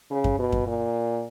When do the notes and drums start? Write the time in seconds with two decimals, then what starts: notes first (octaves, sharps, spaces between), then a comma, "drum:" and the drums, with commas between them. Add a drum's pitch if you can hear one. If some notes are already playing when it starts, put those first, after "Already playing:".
0.10 C#3
0.24 drum: kick F#2
0.39 B2
0.52 drum: kick F#2
0.67 A#2